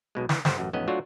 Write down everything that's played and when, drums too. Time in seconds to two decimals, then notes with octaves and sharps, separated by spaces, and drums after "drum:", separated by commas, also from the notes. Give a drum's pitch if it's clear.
0.15 B1 B2 G#3
0.29 E3, drum: snare
0.45 G1 C5, drum: snare
0.58 A1 F#2
0.73 A1 F2 G#2 B3 C#4 D#5
0.88 F#3 A3 D4 F4 F#4 C#5